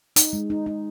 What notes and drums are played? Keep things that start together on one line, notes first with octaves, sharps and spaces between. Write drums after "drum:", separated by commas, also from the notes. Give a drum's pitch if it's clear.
D#4, drum: hi-hat
G#3
D#4
D#4